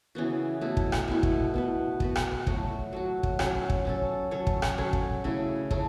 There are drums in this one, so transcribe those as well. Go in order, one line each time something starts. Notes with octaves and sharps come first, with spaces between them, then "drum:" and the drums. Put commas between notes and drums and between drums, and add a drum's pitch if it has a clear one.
C#3 E3 B3 F#4
B2 A3 E4
drum: kick
drum: rim click
B2 A3 E4
drum: kick
B3 F#4 B4
B3 F#4 B4, drum: kick
drum: rim click
F#3 A3 F#4, drum: kick
F#3 A3 F#4
drum: kick
F#3 C#4 A4, drum: rim click
drum: kick
F#3 C#4 A4
F#3 C#4 A4 C#5
drum: kick
drum: rim click
F#3 C#4 A4 C#5
drum: kick
C#3 A3 E4
C#3 A3, drum: kick